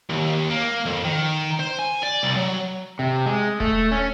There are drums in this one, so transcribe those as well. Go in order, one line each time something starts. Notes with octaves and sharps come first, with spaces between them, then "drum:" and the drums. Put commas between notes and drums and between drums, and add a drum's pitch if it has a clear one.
D#2
A#3
F2
D#3
C5
G#5
D5
C2
F#3
C3
G#3
A3, drum: kick D#1
C#4